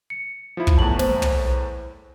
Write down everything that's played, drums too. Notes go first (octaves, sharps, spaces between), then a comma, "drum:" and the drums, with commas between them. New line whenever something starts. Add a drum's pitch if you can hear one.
C#7
F3 E4
drum: kick
E2 A2 A5 F#7
C5, drum: snare
drum: tom